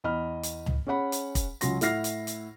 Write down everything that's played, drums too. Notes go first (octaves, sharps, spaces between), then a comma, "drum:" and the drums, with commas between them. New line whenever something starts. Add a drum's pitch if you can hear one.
E2 D#5 B5 F6
drum: hi-hat
drum: tom C#2
C#4 G#4 C#5 F#5 B5
drum: hi-hat
drum: kick, hi-hat
C#2 F#3 C#4 C6 A#6, drum: hi-hat
A2 E4 F#5 F6 A#6 C7, drum: hi-hat
drum: hi-hat
drum: hi-hat